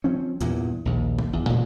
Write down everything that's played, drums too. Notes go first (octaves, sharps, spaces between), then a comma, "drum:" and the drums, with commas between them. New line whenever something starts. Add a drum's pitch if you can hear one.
F3 C4 C#4
E2 G2 A#2, drum: hi-hat
A#1 D#2
drum: kick
E2
D#1 A#2 C#3 G#3